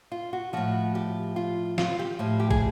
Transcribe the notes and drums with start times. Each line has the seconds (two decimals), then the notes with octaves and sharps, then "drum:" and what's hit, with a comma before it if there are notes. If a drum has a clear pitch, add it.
0.12 F4
0.33 F#4
0.53 A2 F3 F#4
0.95 G4
1.36 F4
1.78 F4, drum: snare
1.99 G4
2.19 A2 F3
2.40 G4
2.51 G#4, drum: kick